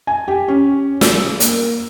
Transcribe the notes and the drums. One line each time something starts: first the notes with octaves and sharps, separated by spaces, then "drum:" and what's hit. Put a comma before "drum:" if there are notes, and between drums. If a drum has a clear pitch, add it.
G#5
G4
C#4
E6, drum: snare
A#3, drum: hi-hat